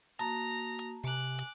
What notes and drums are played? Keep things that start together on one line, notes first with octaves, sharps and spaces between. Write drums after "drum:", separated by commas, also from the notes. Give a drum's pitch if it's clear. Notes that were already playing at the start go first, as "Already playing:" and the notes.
A#3 F#4 A5 A#5 D#6 A#6 F7, drum: hi-hat
drum: hi-hat
C3 G#5 D6 F#6
drum: hi-hat